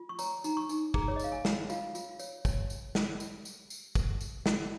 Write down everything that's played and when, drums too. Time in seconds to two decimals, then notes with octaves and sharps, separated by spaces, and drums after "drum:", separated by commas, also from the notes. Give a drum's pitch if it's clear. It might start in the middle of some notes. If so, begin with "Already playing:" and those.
Already playing: F4
0.09 C#6
0.19 C#5 A#5, drum: tambourine
0.44 D#4 A#5, drum: tambourine
0.57 C#6
0.69 D#4, drum: tambourine
0.94 G#4 A#5, drum: kick
1.08 C#5
1.16 D#5
1.19 C#5 F5, drum: tambourine
1.32 G#5
1.45 C#5, drum: snare
1.70 F4 F5, drum: tambourine
1.95 F4, drum: tambourine
2.19 C#5, drum: tambourine
2.45 C#5, drum: kick, tambourine
2.70 drum: tambourine
2.95 drum: snare
3.20 drum: tambourine
3.45 drum: tambourine
3.70 drum: tambourine
3.95 drum: kick, tambourine
4.21 drum: tambourine
4.46 drum: snare